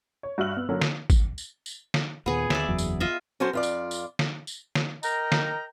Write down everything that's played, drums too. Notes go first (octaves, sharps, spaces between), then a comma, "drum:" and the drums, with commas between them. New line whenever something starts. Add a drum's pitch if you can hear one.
C#5
G2 F#4 E5 E6 F6 F#7
B3
D3 F#3 A#3 C#4
drum: snare
drum: kick G#1, tambourine
drum: tambourine
drum: tambourine
drum: snare
D#2 A#2 B3 G#4
D#2 D5 E5, drum: snare
F#1 E2 F#3
drum: tambourine
F4 D#5 E5
F#3 C#4 F#4 A4 C5
F2 F4 D5
drum: tambourine
drum: tambourine
drum: snare
drum: tambourine
drum: snare
A#4 D#5 G5 A#5, drum: tambourine
drum: snare